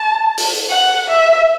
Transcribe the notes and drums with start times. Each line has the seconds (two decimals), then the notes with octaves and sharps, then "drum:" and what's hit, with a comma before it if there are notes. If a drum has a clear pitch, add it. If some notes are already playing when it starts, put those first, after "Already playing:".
Already playing: A5
0.37 drum: open hi-hat
0.70 F#5
1.08 E5